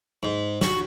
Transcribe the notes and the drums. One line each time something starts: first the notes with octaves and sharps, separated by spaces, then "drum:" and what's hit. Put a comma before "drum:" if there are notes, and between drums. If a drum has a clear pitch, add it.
G#2
F#4, drum: snare